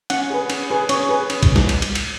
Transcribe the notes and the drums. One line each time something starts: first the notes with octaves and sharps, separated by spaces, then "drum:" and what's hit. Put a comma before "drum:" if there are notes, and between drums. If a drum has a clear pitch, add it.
C#4 F#5, drum: cymbal
G#4 B4
C#4, drum: cymbal
G#4 B4
C#4 C#5, drum: cymbal
G#4 B4
C#4, drum: cymbal
drum: kick, cymbal
drum: snare
drum: cymbal
drum: cymbal
drum: cymbal